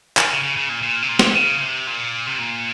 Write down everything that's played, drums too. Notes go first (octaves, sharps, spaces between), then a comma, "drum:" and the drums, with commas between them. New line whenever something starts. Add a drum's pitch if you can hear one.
F3, drum: clap
C#3
C#3
C#3
A#2
A#2
C3
A#2
drum: snare
C#3
C3
A#2
C3
A#2